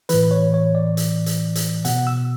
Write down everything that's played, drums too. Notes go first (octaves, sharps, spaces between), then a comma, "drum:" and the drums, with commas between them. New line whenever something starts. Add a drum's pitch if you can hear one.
A2 E3 B4, drum: hi-hat
C#5
C#5
D5
drum: hi-hat
drum: hi-hat
drum: hi-hat
B2 F#5, drum: hi-hat
E6